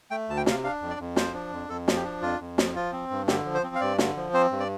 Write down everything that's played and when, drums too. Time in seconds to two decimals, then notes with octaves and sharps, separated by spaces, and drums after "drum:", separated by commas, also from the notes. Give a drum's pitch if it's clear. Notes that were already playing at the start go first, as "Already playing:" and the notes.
0.11 A3 G5
0.29 D2 A5
0.37 G5
0.46 C3 F5, drum: snare
0.64 D4 F5
0.82 F2
0.90 D5
1.00 F2
1.16 F3 C5, drum: snare
1.34 D4
1.52 F2
1.69 F2 A4
1.88 F3, drum: snare
1.96 G4
2.04 D4
2.22 F2 F4
2.40 F2
2.58 F3, drum: snare
2.75 F3 F4
2.93 C4
3.11 G2
3.28 D3 G4, drum: snare
3.45 F3
3.54 C5
3.64 C4
3.75 F5
3.81 G2 D5
3.98 D3, drum: snare
4.17 F3
4.34 C4 C5
4.51 G2
4.60 D5